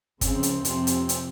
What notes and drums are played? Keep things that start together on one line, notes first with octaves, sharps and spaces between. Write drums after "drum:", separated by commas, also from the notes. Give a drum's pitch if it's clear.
C#2 C#3 F3 C4, drum: kick, hi-hat
drum: hi-hat
F2 C3 F3 C4, drum: hi-hat
drum: hi-hat
drum: hi-hat